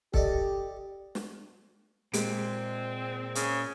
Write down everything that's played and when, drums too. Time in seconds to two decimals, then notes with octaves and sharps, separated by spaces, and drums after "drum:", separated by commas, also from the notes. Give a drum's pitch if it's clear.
0.14 G4 A4 D5 D#5, drum: kick C#1
1.15 drum: snare
2.14 A#2 G#3 C4 D7, drum: hi-hat
3.35 C#3, drum: hi-hat